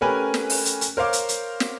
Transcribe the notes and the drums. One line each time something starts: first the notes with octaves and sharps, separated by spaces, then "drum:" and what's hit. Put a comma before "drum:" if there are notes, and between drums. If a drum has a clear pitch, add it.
A3 C#4 G4 A#4 B4 G#5
drum: snare
drum: open hi-hat
drum: hi-hat
drum: hi-hat
A#4 C5 C#5 F5 D6
drum: hi-hat
drum: hi-hat
drum: snare